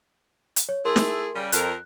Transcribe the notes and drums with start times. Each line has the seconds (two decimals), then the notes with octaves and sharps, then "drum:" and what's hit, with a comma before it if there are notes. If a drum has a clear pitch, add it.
0.56 drum: hi-hat
0.69 C#5
0.85 A3 E4 G#4 A#4 C6
0.96 drum: snare
1.35 C#3 G3
1.52 F2 A#4 F#6, drum: hi-hat